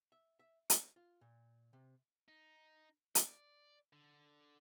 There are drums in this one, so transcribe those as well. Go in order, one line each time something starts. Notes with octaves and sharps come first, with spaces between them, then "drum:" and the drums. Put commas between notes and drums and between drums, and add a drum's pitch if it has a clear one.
E5
E5
C#5, drum: hi-hat
F4
A#2
C3
D#4
D5, drum: hi-hat
D3